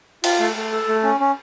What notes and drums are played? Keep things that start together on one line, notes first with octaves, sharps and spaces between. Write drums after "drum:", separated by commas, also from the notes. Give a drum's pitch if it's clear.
F4, drum: cymbal
A3
A3
A4
A3
C#4
C#4